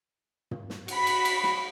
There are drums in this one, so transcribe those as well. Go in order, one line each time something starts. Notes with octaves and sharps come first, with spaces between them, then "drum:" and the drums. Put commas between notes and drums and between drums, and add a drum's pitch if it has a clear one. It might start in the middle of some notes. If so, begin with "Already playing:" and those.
drum: tom
drum: snare
F#4 B5, drum: cymbal
drum: cymbal
drum: cymbal
drum: snare